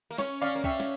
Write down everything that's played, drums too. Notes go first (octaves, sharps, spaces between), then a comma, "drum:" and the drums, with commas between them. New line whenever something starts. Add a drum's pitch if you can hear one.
A#3
C#4 C#5, drum: snare
C#4 D5 F5
A#3
C#4 E5 G5, drum: kick
drum: snare